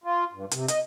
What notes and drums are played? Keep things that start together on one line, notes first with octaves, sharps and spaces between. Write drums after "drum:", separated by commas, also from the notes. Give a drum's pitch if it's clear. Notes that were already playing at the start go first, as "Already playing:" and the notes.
F4
G2
C3, drum: hi-hat
D#5, drum: hi-hat